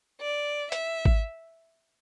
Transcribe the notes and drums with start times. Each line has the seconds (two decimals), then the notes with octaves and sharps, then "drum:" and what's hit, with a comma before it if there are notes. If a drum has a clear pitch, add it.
0.21 D5
0.72 E5, drum: hi-hat
1.05 drum: kick G#1